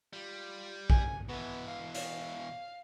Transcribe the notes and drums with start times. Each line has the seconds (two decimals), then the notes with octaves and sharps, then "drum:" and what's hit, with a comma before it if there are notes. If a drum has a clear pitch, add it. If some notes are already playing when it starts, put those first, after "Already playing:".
0.13 G3 F4
0.90 G#5, drum: kick A#1
1.29 B2 E3 B3
1.67 F5
1.95 F5, drum: hi-hat